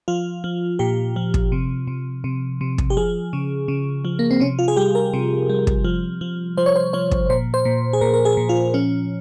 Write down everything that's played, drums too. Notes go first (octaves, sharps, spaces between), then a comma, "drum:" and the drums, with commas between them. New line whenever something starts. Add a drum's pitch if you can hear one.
F3 F4
F3
A#2 G4
F3
drum: kick
C3
C3
C3
C3
drum: kick
G4
F3 G#4
C#3
C#3
F3
A#3
C4
C3 C#4
F4
G#4
G3 G4
A#4
C3
G3
drum: kick
F3
F3
F3 C5
C#5
C5
F3 C#5
drum: kick
A#2 C5
C5
A#2
G#4
A#2 A#4
A#4
G#4
A#2
F4
F3 C#4